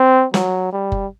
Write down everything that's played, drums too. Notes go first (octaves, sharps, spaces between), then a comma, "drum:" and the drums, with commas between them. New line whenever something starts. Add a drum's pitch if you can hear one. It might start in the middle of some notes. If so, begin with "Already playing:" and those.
Already playing: C4
F#3, drum: snare
G3
drum: kick F#1